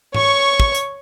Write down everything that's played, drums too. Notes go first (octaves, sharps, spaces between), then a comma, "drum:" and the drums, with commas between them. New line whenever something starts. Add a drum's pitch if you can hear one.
C#5 C#6, drum: tom G#2
drum: kick
drum: hi-hat